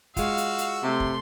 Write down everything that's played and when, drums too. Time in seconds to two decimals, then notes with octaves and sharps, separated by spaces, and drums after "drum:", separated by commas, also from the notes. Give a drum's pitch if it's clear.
0.17 G#3 F4 F#4 F5 F#5 E6, drum: kick, hi-hat
0.37 drum: hi-hat
0.58 drum: hi-hat
0.83 C3 A3 C6
1.00 drum: kick